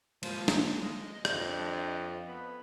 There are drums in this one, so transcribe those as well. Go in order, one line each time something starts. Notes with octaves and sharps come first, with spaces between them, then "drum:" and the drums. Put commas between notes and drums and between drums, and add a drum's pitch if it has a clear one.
F3 G#3 A#3, drum: cymbal
drum: snare
G#3 D#5
F2 D4, drum: rim click
B3